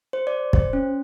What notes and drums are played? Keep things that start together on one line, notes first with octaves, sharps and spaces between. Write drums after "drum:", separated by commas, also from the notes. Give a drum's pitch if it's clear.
C5
D5
C5, drum: kick
C#4